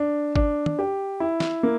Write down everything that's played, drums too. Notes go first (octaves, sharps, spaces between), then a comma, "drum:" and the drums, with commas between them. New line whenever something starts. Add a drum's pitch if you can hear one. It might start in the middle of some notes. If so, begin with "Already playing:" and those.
Already playing: D4
D4, drum: kick
drum: tom
G4
E4
drum: snare
A#3